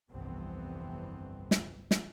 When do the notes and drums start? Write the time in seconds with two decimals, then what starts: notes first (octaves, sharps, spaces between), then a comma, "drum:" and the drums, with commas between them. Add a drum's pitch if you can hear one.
0.11 G1 C2 F2 E3 B3 C4
1.51 drum: snare
1.91 drum: snare